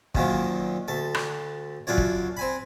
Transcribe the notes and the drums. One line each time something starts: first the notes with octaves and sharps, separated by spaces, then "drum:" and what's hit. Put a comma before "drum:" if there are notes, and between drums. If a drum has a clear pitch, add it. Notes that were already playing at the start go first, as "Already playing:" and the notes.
F#2 A#2 D#3 F3 F#3, drum: kick
D2 A4
drum: rim click
F#2 D4 F4 C#5
drum: kick
C4 G#5 B5